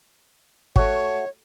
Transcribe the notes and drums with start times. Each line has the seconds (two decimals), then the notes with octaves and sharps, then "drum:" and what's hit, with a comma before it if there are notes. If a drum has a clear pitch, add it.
0.76 A3 F#4 C#5, drum: kick G#1